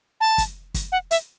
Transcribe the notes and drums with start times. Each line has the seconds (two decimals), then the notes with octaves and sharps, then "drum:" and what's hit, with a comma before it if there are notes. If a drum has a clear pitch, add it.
0.20 A5
0.38 drum: kick, hi-hat
0.74 drum: kick, hi-hat
0.92 F#5
1.11 E5, drum: hi-hat